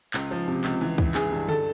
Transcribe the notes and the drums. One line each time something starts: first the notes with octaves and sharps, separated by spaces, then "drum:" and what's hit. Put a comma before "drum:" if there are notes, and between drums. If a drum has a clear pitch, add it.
C#2, drum: clap
F3
C3
C#2, drum: clap
E3
E3, drum: kick
E3 G#4, drum: clap
G2
A4, drum: tom D3